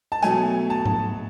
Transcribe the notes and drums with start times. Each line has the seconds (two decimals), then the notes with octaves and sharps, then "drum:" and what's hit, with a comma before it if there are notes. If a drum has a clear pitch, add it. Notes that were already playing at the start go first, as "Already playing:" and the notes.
0.12 A5
0.22 B2 F#3 A3 G#5, drum: hi-hat
0.70 A5
0.86 drum: tom G#2